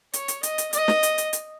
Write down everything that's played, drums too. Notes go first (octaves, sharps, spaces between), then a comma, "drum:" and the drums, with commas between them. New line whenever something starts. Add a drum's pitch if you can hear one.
C#5, drum: hi-hat
drum: hi-hat
D#5, drum: hi-hat
drum: hi-hat
D#5, drum: hi-hat
drum: snare
drum: hi-hat
drum: hi-hat
drum: hi-hat